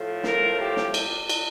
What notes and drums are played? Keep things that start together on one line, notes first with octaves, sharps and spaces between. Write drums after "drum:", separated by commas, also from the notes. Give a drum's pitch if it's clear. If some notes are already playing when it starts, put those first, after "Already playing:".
Already playing: A2 F3 A3
A#4, drum: snare
G4
drum: snare
drum: cymbal
drum: cymbal